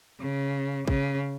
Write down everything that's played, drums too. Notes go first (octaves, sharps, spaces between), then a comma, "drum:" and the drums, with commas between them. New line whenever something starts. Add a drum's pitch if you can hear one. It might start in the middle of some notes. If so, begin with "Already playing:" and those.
C#3
C#3, drum: kick